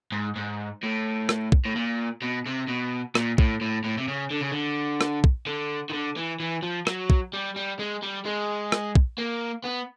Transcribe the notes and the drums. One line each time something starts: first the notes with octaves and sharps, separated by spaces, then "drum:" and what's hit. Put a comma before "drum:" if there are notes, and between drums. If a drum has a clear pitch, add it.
G#2
G#2
A2
drum: rim click
drum: kick
A2
A#2
B2
C3
B2
A#2, drum: rim click
A2, drum: kick
A2
A2
C3
C#3
D3
C#3
D3
drum: rim click
drum: kick
D3
D#3
D3
E3
E3
F3
F#3, drum: rim click
drum: kick
G3
G3
G#3
G3
G#3
drum: rim click
drum: kick
A#3
B3